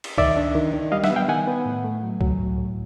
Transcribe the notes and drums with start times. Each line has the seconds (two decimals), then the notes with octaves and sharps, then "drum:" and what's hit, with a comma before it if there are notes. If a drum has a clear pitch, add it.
0.04 drum: cymbal
0.18 D#3 D5 E5, drum: kick C2
0.37 D4
0.55 D#3
0.74 D#3
0.92 G3 D#5 F5
1.04 E5 F#5, drum: snare F#3
1.10 B3
1.16 F5 G5
1.28 D#3 F#5 G#5
1.47 B3
1.65 A2
1.84 A3
2.03 F#3
2.21 F#3, drum: kick C2
2.39 A2
2.58 A2